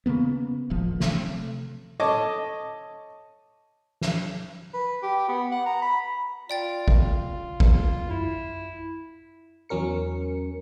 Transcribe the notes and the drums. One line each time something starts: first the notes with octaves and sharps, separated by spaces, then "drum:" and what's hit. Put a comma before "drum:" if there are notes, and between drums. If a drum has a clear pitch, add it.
C#3 F3 A#3 B3
D1 G#1 F3
C3 A3, drum: snare
A4 C#5 D#5 A5 C#6 D6
drum: snare
B4
G4
B3
F#5
A#5
B5
F4 D5 G5 A6
drum: kick A1
drum: kick A1
E4, drum: tom F#2
E2 F#3 C#4 A#4 C#7